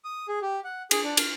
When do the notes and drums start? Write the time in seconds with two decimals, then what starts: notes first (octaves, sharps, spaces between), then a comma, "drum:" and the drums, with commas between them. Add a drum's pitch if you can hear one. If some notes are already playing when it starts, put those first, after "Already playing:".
0.04 D#6
0.28 G#4
0.42 G4
0.64 F#5
0.91 G#4, drum: cymbal
1.04 D4
1.17 F6, drum: cymbal